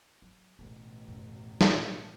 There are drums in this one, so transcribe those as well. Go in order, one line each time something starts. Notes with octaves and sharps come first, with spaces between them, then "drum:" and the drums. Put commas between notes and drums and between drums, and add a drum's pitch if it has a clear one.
F#3
A1 B2 D3 A#3
F#2 D3
drum: snare
A2 B3